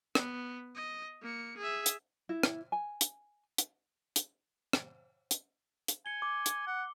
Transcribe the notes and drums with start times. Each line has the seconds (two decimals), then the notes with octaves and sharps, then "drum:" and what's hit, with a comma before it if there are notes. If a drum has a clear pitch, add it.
0.15 B3, drum: rim click
0.75 D#5
1.22 A#3 C#7
1.58 G#4 E5
1.86 drum: hi-hat
2.29 E4
2.43 drum: rim click
2.72 G#5
3.01 drum: hi-hat
3.58 drum: hi-hat
4.16 drum: hi-hat
4.73 drum: rim click
5.31 drum: hi-hat
5.88 drum: hi-hat
6.06 G#5 C#7 G7
6.22 D6
6.46 drum: hi-hat
6.67 F#5